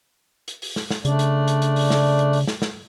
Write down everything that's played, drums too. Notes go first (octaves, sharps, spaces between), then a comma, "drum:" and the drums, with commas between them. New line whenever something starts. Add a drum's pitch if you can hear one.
drum: hi-hat
drum: open hi-hat
drum: snare
drum: snare
C#3 A3 D4 D5, drum: hi-hat
drum: hi-hat
drum: hi-hat
drum: hi-hat
drum: open hi-hat
drum: snare
drum: hi-hat
drum: open hi-hat
drum: snare
drum: snare